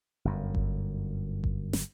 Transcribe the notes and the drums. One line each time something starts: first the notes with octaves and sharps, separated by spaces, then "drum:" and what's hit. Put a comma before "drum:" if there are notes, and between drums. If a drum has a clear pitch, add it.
G1 F#2
drum: kick G1
drum: kick G1
drum: snare